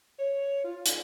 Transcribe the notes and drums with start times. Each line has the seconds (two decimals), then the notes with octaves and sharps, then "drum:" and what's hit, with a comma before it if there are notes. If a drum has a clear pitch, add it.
0.19 C#5
0.64 F4
0.86 drum: hi-hat